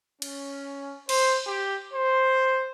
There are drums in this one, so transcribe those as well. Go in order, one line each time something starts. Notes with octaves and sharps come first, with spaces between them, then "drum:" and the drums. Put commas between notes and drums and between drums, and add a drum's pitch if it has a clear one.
C#4, drum: cymbal
C5, drum: cymbal
G4
C5